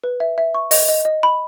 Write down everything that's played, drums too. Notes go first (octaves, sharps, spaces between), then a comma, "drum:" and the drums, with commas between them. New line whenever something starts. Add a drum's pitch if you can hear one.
B4
E5
E5
C#6
D#5, drum: open hi-hat
D#5
D#5
B5